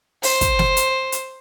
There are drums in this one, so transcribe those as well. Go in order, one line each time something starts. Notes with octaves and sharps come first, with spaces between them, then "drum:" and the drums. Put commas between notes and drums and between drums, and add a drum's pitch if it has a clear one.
C5, drum: open hi-hat
drum: kick, hi-hat
drum: snare
drum: hi-hat
drum: hi-hat